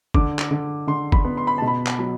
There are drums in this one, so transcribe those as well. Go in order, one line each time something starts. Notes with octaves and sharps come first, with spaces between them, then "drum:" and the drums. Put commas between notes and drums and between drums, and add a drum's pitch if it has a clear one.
D3 D6, drum: kick
drum: clap
D3
D3 C6
B5, drum: kick
B3
C6
B5
B2 A5
B5
drum: clap
F#3